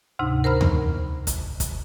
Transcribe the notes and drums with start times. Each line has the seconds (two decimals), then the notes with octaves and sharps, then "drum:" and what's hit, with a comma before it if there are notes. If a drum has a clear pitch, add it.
0.19 D2 G#2 C3 D#4
0.44 A#4 C5 A#5 B5 F6
0.61 drum: tom E2
1.27 drum: kick, hi-hat
1.60 drum: kick, hi-hat